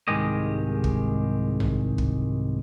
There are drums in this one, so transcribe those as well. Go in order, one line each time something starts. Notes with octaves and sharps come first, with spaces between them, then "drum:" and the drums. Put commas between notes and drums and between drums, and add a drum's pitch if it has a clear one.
C2 G#2 D#3 G#3 G4 D#5
drum: kick
drum: tom A#1
drum: kick